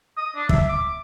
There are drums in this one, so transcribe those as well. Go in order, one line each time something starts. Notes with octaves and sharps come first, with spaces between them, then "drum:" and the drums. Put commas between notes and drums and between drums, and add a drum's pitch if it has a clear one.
D#6
D4
E5, drum: kick
D6